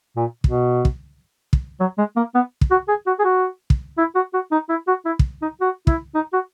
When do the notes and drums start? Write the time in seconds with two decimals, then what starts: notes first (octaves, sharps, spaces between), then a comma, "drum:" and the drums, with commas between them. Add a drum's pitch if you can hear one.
0.16 A#2
0.44 B2, drum: kick
0.85 drum: kick
1.53 drum: kick
1.80 F#3
1.98 G#3
2.16 A#3
2.35 B3
2.61 drum: kick
2.71 F#4
2.88 G#4
3.07 F#4
3.19 G#4
3.24 F#4
3.70 drum: kick
3.98 E4
4.15 F#4
4.33 F#4
4.52 D#4
4.69 E4
4.88 F#4
5.06 E4
5.19 drum: kick
5.42 D#4
5.61 F#4
5.87 E4, drum: kick
6.15 D#4
6.33 F#4